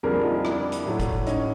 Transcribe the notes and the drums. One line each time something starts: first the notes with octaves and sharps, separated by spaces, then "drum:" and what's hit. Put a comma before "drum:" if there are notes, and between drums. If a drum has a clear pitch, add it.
F2 D3 G3 A#3 G#4 A#4
D#4 F4
D4 E4, drum: rim click
drum: hi-hat
A2 F#3 A3
drum: kick, hi-hat
C#4 D#4, drum: hi-hat